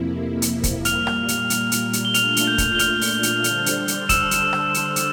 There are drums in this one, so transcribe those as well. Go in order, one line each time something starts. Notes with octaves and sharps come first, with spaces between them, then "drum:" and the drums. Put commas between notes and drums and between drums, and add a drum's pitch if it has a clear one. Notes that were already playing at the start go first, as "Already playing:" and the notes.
Already playing: F2 C3 F3 A#3 E4
drum: hi-hat
drum: kick, hi-hat
A#2 G3 A#3 F6 F7, drum: hi-hat
drum: rim click
drum: hi-hat
drum: hi-hat
drum: hi-hat
drum: hi-hat
G7
A#2 A3 D4 F4 F6 F7, drum: hi-hat
drum: hi-hat
G6 G7
drum: kick, hi-hat
G7
F6 F7, drum: hi-hat
drum: open hi-hat
drum: hi-hat
D3 G3 D4 A4 C5, drum: hi-hat
drum: hi-hat
drum: hi-hat
E6 E7, drum: kick, hi-hat
drum: hi-hat
drum: rim click
drum: hi-hat
drum: hi-hat